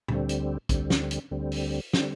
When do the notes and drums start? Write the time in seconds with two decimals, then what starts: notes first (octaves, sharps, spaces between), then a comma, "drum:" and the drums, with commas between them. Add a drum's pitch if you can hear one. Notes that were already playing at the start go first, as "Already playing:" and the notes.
0.08 D2 D3 G3 C4, drum: tom A#2
0.29 drum: hi-hat
0.69 D2 D3 G3 C4, drum: kick, hi-hat
0.90 drum: snare
1.11 drum: hi-hat
1.31 D2 D3 G3 C4
1.52 drum: open hi-hat
1.93 D3 G3 C4, drum: snare